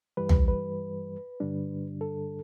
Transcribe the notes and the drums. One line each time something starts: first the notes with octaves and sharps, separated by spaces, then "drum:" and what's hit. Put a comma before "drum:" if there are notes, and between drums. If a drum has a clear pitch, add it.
G2 E3 G3 B4
drum: tom
B4
G2 D3 G3 D4
A4